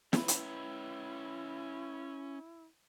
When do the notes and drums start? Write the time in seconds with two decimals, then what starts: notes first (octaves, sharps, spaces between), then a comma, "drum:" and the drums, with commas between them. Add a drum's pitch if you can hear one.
0.13 C#4 E4 B4, drum: snare
0.28 drum: hi-hat